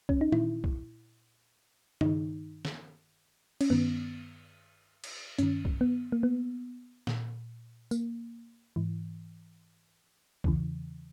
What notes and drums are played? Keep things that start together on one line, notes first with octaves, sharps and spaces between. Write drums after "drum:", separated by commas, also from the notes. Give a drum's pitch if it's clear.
C#4, drum: kick B1
D#4
A#2 E4, drum: tom D#3
drum: kick B1
G2 D#3 D#4, drum: tom C#3
drum: snare
C#4, drum: cymbal
G2 D#3 B3
drum: cymbal
G2 D#3 C#4, drum: hi-hat
drum: kick B1
B3
A#3
B3
A#2, drum: snare
A#3, drum: tambourine
G#2 E3
E2 C#3 E3, drum: kick B1